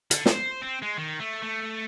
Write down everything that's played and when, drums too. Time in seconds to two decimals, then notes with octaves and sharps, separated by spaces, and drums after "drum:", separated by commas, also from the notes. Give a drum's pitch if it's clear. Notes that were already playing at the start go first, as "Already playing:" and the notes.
0.11 D3, drum: hi-hat
0.26 C5, drum: snare
0.62 C4
0.82 G#3
0.97 D#3
1.20 A3
1.43 A3